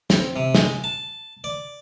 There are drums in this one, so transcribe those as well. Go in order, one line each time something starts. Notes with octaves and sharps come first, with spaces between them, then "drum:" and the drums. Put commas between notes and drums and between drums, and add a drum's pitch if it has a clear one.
C4, drum: snare
C3
G#3, drum: snare
A5
D5